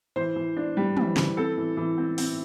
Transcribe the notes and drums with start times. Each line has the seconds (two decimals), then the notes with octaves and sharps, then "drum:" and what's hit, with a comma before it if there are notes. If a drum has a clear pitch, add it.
0.16 E3 C5
0.36 E3
0.57 D4
0.77 G3
0.97 E3, drum: tom
1.16 E3, drum: snare
1.37 C4 A4
1.57 E3
1.77 E3
1.98 C4
2.18 C4, drum: open hi-hat